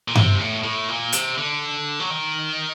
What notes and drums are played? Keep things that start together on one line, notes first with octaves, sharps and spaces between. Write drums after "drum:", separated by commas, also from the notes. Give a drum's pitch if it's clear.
A#2
C3, drum: tom G2
G2
A2
A2
A#2
C3, drum: hi-hat
D3
F#3
D#3